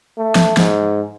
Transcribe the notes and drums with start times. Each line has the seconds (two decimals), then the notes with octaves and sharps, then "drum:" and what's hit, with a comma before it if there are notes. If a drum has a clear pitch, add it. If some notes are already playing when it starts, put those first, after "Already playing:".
0.18 A3
0.35 drum: snare
0.57 G#2, drum: snare